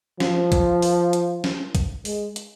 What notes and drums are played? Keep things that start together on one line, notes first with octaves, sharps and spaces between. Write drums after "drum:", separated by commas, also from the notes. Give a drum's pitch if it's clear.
F3, drum: snare
drum: kick, hi-hat
drum: open hi-hat
drum: hi-hat
drum: snare
drum: kick, hi-hat
G#3, drum: open hi-hat
drum: hi-hat